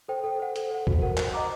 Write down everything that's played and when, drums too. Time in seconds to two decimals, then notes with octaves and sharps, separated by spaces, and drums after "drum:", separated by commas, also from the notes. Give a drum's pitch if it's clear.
0.08 A4 C5 G5
0.24 A4
0.40 C5 F#5
0.56 A4, drum: hi-hat
0.71 C5 F#5
0.87 F#4, drum: kick C2
1.02 A#4 F#5
1.17 C5, drum: clap
1.34 D#5 F#5 A#5 D6